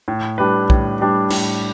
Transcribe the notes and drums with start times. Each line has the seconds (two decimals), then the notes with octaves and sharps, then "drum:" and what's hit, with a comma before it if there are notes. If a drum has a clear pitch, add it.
0.08 A2
0.38 G3 D4 G4 B4
0.70 A2, drum: kick
1.00 G3 D4 G4 B4
1.30 A2, drum: cymbal